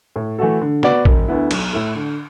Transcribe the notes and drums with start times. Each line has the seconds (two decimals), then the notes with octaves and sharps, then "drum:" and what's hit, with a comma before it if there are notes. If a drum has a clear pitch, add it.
0.16 A2
0.38 E3 A3 F#4 A4
0.61 D3
0.83 B3 F#4 D5, drum: snare
1.05 E1, drum: kick
1.28 D2 D3 B3 E4
1.51 B1, drum: cymbal
1.73 A2 A3 E4 A4
1.95 D3